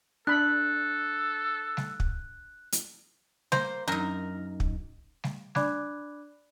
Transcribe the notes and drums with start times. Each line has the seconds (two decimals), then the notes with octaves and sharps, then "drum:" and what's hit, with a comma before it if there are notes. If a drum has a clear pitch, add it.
0.27 D4 A4 B5 F#6
1.77 drum: snare G3
2.00 drum: kick
2.72 drum: hi-hat
3.52 A#3 C5, drum: snare G3
3.88 F#2 D#4 A#4
4.60 drum: kick
5.24 drum: snare G3
5.55 D4 D5 B5 D6 F#6 G#6, drum: snare G3